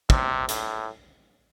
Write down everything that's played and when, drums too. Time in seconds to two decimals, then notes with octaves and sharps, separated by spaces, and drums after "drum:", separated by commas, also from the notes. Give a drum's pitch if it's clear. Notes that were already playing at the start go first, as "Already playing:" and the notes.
0.10 C3, drum: kick
0.49 A2, drum: hi-hat